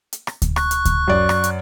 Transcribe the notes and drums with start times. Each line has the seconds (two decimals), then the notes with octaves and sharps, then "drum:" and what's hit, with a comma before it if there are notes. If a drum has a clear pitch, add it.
0.13 drum: hi-hat
0.27 drum: rim click
0.42 drum: kick D2, hi-hat
0.56 C#6 F#6, drum: rim click
0.71 drum: hi-hat
0.85 drum: kick D2, hi-hat
1.08 F#2 D5
1.29 drum: rim click
1.44 drum: hi-hat